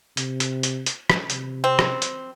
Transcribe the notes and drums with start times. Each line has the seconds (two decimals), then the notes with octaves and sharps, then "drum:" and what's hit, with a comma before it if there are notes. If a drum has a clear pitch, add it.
0.17 C3, drum: hi-hat
0.40 drum: hi-hat
0.63 drum: hi-hat
0.86 drum: hi-hat
1.10 drum: rim click
1.30 C3, drum: hi-hat
1.64 C4
1.79 drum: rim click
2.02 drum: hi-hat